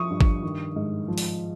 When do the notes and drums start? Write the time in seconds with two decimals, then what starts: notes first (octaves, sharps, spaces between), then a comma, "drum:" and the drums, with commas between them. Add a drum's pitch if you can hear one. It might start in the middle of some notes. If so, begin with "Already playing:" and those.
Already playing: F3 C#6 D#6
0.10 G2
0.21 drum: kick G#1
0.43 D#3
0.76 G#2
1.08 F3
1.18 drum: open hi-hat